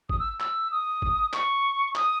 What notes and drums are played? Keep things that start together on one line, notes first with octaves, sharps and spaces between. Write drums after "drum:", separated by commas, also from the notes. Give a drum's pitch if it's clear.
D#6, drum: kick G#1
E6
E6, drum: clap
D#6
drum: kick G#1
C#6, drum: clap
D#6, drum: clap